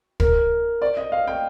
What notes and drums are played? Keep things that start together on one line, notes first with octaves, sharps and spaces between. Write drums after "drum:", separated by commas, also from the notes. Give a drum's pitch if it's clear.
A#4, drum: kick
D5
D#5
F5
G5